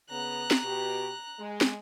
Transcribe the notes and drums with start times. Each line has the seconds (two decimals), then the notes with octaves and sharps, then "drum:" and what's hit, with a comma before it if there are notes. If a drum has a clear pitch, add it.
0.10 C#3 B3 A#5 F#6
0.51 drum: snare
0.64 B2 G4
1.39 G#3
1.61 drum: snare